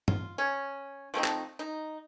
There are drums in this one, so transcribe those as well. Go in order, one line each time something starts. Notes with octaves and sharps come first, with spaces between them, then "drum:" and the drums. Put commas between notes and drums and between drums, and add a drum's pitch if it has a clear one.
F4, drum: tom G2
C#4
F3 A3 C4 D#4
drum: clap
D#4